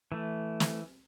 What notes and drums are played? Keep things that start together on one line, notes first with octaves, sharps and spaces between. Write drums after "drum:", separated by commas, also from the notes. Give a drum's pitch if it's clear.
E3 A3
drum: snare